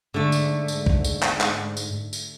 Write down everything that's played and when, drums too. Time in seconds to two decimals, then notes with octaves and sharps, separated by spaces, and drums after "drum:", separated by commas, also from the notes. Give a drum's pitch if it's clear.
0.14 G#2 D3 A3
0.32 drum: tambourine
0.68 drum: tambourine
0.86 drum: kick
1.04 drum: tambourine
1.23 drum: clap
1.41 drum: clap
1.77 drum: tambourine
2.13 drum: tambourine